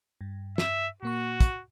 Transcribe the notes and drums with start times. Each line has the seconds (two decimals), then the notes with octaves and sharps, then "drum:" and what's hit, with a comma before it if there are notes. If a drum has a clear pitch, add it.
0.21 G2
0.58 E5, drum: snare
1.03 A#2 A#3 F#4 C#6
1.40 drum: kick, hi-hat